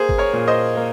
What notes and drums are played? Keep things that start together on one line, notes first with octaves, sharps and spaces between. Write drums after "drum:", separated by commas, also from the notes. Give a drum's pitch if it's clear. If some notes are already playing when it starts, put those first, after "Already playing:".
Already playing: A#3 G#4 C5
drum: kick G1
A#4 C#5
A#2
C5 D#5
A#3